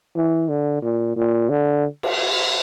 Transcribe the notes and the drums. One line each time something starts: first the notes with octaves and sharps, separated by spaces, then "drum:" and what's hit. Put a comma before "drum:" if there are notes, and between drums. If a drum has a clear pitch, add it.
E3
D3
A#2
A#2
D3
drum: cymbal